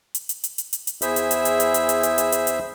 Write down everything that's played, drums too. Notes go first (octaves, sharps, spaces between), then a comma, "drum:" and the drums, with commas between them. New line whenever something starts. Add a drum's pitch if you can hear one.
drum: hi-hat
drum: hi-hat
drum: hi-hat
drum: hi-hat
drum: hi-hat
drum: hi-hat
E2 E4 G#4 C5 E5 E6, drum: hi-hat
drum: hi-hat
drum: hi-hat
drum: hi-hat
drum: hi-hat
drum: hi-hat
drum: hi-hat
drum: hi-hat
drum: hi-hat
drum: hi-hat
drum: hi-hat